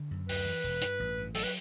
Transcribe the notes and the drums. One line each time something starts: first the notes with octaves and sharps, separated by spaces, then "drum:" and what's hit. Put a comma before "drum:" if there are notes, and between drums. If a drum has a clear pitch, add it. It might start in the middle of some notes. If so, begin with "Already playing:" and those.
Already playing: D3
F#2
D2 B4, drum: open hi-hat
E3
E1
G2, drum: hi-hat
A1
G2
F#3 A4, drum: open hi-hat
B4